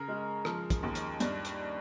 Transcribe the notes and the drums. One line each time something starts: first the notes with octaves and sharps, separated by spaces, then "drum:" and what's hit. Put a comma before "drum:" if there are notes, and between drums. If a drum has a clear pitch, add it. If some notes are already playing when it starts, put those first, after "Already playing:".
Already playing: C#3 A#4
G#3
F3, drum: rim click
drum: kick, hi-hat
D#2
drum: hi-hat
G2, drum: hi-hat
drum: hi-hat